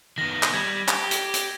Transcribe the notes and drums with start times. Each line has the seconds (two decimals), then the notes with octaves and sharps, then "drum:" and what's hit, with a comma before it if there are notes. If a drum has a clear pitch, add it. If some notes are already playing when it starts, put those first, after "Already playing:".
0.18 D#3 B3 A#6
0.43 drum: clap
0.54 G3 G#6
0.88 G4, drum: clap
1.11 drum: hi-hat
1.34 drum: hi-hat